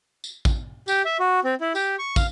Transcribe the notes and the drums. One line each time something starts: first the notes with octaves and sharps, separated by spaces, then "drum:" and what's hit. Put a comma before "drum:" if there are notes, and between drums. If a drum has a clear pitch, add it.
drum: tambourine
drum: kick, tambourine
G4, drum: tambourine
E5
F#4
C4
E4
G4, drum: tambourine
C#6
F5, drum: kick, tambourine